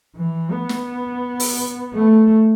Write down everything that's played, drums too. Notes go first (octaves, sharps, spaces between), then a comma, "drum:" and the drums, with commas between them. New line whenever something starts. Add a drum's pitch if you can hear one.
E3
B3
drum: snare
drum: open hi-hat
A3